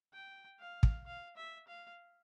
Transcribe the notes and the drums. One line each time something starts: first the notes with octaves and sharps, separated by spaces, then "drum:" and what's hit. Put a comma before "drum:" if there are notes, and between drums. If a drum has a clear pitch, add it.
G5
F5
drum: kick
F5
E5
F5